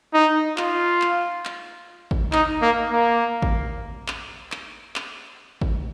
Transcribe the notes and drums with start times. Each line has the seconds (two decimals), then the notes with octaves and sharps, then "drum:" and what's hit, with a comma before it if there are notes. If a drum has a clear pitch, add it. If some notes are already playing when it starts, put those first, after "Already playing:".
0.14 D#4
0.58 F4, drum: clap
1.01 drum: clap
1.45 drum: clap
2.11 drum: kick G#1
2.33 D#4, drum: clap
2.62 A#3
2.91 A#3
3.42 drum: kick G#1
4.08 drum: clap
4.52 drum: clap
4.96 drum: clap
5.61 drum: kick G#1